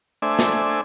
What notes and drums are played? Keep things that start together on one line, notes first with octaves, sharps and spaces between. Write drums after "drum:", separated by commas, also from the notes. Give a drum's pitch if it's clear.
A3 D4 C5 D5 E5 G#5
drum: snare